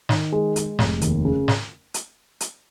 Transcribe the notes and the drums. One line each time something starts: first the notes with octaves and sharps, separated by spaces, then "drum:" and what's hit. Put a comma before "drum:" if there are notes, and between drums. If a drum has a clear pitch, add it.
D#3, drum: snare
G#3
G#3, drum: hi-hat
F1, drum: snare
D#2, drum: hi-hat
C#3
drum: snare
drum: hi-hat
drum: hi-hat